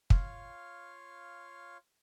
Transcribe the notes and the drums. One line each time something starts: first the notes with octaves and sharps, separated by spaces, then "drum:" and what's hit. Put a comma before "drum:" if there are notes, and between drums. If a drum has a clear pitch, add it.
F4 C#5 F5, drum: kick